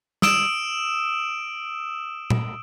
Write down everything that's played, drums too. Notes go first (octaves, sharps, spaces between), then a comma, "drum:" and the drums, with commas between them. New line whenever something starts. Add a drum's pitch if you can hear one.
D#6 E6 D7 E7, drum: snare
drum: tom A#2